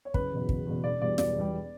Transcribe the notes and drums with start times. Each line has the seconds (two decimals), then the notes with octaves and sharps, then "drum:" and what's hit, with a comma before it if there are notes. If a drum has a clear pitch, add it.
0.05 C#5
0.14 F#1 B4, drum: kick
0.32 E2 B2
0.49 F#1, drum: kick
0.66 E2 B2
0.84 E1 D5
1.01 E2 B2 G3 D5
1.18 E1 D5, drum: snare
1.36 E2 B2 G3